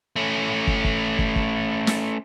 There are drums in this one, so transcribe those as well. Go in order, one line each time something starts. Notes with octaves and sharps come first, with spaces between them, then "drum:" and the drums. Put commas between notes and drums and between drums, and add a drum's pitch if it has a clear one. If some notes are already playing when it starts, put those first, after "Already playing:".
A3 C#4
drum: kick
drum: kick
drum: kick
drum: kick
drum: snare